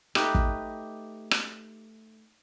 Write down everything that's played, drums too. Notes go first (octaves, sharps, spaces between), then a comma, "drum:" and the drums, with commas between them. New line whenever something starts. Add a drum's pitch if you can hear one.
A3 D#4 G4 B4, drum: rim click
drum: kick
drum: rim click